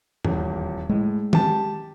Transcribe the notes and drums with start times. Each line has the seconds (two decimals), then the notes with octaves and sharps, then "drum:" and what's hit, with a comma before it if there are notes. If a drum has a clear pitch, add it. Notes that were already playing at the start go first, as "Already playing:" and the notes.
0.25 D#1 E2, drum: tom F#2
0.89 A2 G#3
1.33 G4 A5, drum: tom